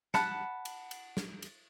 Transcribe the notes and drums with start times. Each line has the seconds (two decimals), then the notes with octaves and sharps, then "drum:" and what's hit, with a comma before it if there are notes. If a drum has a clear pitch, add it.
0.14 F#5 A5 B5 F#6, drum: snare
0.65 drum: cymbal
0.91 drum: cymbal
1.17 drum: snare
1.42 drum: cymbal